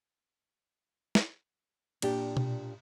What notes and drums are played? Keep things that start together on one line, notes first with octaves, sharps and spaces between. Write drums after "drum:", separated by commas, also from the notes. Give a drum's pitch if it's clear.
drum: snare
A#2 D4 G4, drum: cymbal
drum: tom B2